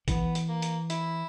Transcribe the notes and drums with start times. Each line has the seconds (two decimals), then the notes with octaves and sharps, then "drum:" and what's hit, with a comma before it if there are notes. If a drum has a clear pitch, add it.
0.08 E3 B3, drum: kick, hi-hat
0.35 drum: hi-hat
0.49 A#3
0.62 drum: hi-hat
0.90 E4, drum: hi-hat